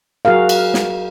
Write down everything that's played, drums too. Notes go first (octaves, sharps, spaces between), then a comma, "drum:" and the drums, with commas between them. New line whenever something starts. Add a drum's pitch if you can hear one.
F#3 F#4 G#4 A#4 F5
drum: cymbal
drum: snare